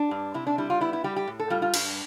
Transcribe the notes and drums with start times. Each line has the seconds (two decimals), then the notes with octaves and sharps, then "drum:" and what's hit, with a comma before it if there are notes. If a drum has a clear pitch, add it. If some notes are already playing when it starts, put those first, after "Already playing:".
Already playing: D4
0.11 G2
0.34 C3 E4
0.47 D4
0.58 G3 E4
0.70 F4
0.81 B3 E4
0.93 E4
1.04 G3 G4
1.16 G4
1.28 A2
1.40 A4
1.50 G3 F4
1.62 F4
1.74 G2, drum: cymbal